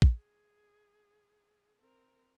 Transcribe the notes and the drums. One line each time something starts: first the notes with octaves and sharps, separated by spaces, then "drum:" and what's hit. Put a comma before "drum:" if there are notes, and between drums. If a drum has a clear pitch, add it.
drum: kick
G#4
C4 A#4